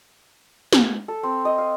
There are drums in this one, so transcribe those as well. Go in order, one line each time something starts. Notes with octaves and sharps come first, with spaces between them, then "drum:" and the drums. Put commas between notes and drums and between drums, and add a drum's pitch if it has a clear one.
drum: snare
A4
C4
D#5
F5